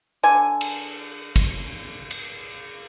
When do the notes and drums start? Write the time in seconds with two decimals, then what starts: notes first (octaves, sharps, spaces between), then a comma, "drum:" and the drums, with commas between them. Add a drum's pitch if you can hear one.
0.23 D3 G#5
0.61 drum: cymbal
1.36 drum: kick, cymbal
2.11 drum: cymbal